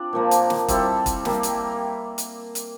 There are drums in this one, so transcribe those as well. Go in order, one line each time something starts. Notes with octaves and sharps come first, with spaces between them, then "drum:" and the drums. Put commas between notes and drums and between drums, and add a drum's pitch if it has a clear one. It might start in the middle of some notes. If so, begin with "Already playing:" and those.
Already playing: C4 D4 F4
A#2 F3 A#3
drum: hi-hat
drum: snare
G3 C4 E4 A4, drum: kick, hi-hat
drum: kick, hi-hat
G3 A#3, drum: snare
drum: hi-hat
drum: hi-hat
drum: hi-hat